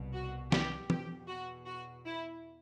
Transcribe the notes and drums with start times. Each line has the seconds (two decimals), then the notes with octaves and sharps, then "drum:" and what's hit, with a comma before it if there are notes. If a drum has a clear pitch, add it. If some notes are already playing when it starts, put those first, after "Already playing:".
Already playing: C2 B2
0.14 F#4
0.52 G4, drum: snare
0.90 E2 B2 G4, drum: tom
1.28 F#4
1.66 F#4
2.05 E4